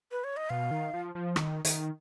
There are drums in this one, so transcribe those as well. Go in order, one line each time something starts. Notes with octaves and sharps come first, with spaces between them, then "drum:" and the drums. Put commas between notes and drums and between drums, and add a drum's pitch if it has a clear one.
B4
C#5
D#5
B2 F5
D#3
F3
F3
D#3, drum: rim click
D#3, drum: hi-hat